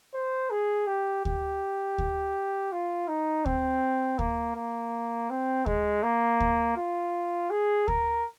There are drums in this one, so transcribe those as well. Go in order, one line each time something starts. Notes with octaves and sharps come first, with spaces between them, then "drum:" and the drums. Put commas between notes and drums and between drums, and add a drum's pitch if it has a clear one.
C5
G#4
G4
G4, drum: kick D2
drum: kick D2
F4
D#4
C4, drum: kick D2
A#3, drum: kick D2
A#3
C4
G#3, drum: kick D2
A#3
drum: kick D2
F4
G#4
A#4, drum: kick D2